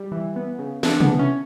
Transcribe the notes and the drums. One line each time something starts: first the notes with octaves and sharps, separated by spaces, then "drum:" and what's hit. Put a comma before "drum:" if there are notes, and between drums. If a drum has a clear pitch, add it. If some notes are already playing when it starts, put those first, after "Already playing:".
Already playing: G3
E3
B3
C#3
E3 D4, drum: snare
B3, drum: tom C3
E3
C#4